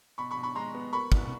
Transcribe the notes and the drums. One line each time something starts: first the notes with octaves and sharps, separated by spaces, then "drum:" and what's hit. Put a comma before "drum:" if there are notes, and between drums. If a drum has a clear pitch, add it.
B2 B5 C#6
B5 C#6
B2
B5 C#6
G#3 A#5 C6
B3
A#3 B5 C#6
C2, drum: kick